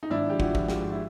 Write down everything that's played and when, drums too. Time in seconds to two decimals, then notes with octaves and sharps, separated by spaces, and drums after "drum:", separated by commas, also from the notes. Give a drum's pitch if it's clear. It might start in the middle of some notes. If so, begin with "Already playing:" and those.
0.03 D#4
0.10 G#1 D4 E4
0.30 F3 G4
0.40 E4 F#4, drum: kick
0.55 F3, drum: kick
0.68 F4 G4, drum: snare
0.76 G#2
0.92 E4